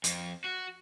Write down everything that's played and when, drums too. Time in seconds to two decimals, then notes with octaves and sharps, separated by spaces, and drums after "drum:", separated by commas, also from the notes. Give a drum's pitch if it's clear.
0.04 F2, drum: hi-hat
0.44 F#4